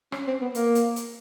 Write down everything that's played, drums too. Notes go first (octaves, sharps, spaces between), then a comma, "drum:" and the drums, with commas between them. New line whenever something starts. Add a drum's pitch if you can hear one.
C#4, drum: rim click
C4
B3
A#3, drum: hi-hat
drum: hi-hat
drum: hi-hat